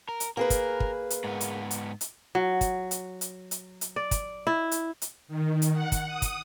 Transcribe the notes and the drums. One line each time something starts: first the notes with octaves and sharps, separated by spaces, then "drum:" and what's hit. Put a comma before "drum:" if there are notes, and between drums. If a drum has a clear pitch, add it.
A#4
drum: hi-hat
A#3 G#4 A#4 B4
drum: kick, hi-hat
drum: kick
drum: hi-hat
G#2 B3
drum: hi-hat
drum: hi-hat
drum: hi-hat
F#3
drum: kick, hi-hat
drum: hi-hat
drum: hi-hat
drum: hi-hat
drum: hi-hat
D5
drum: kick, hi-hat
E4
drum: hi-hat
drum: hi-hat
D#3
drum: hi-hat
F#5
drum: kick, hi-hat
D#6
drum: kick, hi-hat